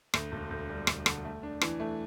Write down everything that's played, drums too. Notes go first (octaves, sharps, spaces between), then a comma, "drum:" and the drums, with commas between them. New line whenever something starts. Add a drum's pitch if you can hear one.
D2, drum: rim click
E1
D2
G3
D2, drum: rim click
D3, drum: rim click
A3
D4
E3, drum: rim click
A3